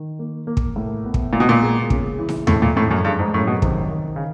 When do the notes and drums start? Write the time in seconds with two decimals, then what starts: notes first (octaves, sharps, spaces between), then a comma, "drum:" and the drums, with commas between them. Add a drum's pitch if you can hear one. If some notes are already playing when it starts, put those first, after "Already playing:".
Already playing: D#3
0.19 A#3
0.47 A#3
0.57 drum: kick
0.76 A2
1.05 B3
1.14 drum: kick
1.33 A#2 B3
1.40 B2
1.49 A#2
1.62 G#3
1.90 C#3, drum: kick
2.19 E3
2.29 drum: snare D#4
2.47 F2 A2, drum: tom D#2
2.62 A#2
2.77 F2 A2
2.91 F#2
3.05 G2 G#3
3.19 G#2
3.34 F#2 A2
3.47 B2
3.62 C3 D#3, drum: kick
3.91 D#3
4.16 C#3